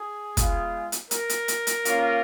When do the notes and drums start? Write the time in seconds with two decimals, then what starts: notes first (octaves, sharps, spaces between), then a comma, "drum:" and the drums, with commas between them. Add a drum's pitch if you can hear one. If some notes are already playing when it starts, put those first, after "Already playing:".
Already playing: G#4
0.37 G#3 B3 F4, drum: kick, hi-hat
0.92 drum: hi-hat
1.11 A#4, drum: hi-hat
1.29 drum: hi-hat
1.48 drum: hi-hat
1.67 drum: hi-hat
1.85 A#3 C#4 F4, drum: hi-hat